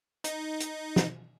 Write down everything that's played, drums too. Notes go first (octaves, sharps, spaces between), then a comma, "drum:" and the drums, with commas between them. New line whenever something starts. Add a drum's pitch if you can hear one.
D#4, drum: hi-hat
drum: hi-hat
drum: snare